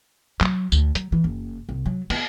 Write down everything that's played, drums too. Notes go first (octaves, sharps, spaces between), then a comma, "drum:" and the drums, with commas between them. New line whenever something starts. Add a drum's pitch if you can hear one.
F#3, drum: clap
D2, drum: tambourine
F#3, drum: hi-hat
E3
F#1
C2
F#3
B3, drum: cymbal